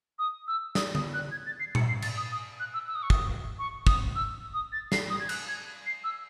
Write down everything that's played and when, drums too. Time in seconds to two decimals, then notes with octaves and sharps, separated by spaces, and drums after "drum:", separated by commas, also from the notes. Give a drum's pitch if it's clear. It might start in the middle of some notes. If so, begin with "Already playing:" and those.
0.19 D#6
0.48 E6
0.75 D#6, drum: snare
0.95 D#6, drum: tom D3
1.13 F#6
1.31 G#6
1.46 A6
1.60 C7
1.75 C#7, drum: tom A#2
1.89 C7
2.02 A6, drum: cymbal
2.17 D#6
2.32 D#6
2.60 F#6
2.74 E6
2.88 E6
2.95 D#6
3.03 C#6
3.10 D#6, drum: kick
3.59 C#6
3.87 D#6, drum: kick
4.16 E6
4.54 D#6
4.72 A6
4.92 C7, drum: snare
5.10 D#6
5.20 G#6
5.29 F#6, drum: cymbal
5.48 G#6
5.86 C7
6.04 E6